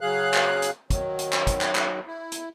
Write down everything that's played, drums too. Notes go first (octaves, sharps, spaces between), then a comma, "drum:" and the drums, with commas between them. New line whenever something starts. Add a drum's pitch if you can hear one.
C#3 F#3 G#4 F5 F#6
drum: clap
drum: hi-hat
D#3 F#3, drum: kick, hi-hat
drum: hi-hat
drum: clap
drum: kick, hi-hat
drum: clap
drum: clap
E4
drum: hi-hat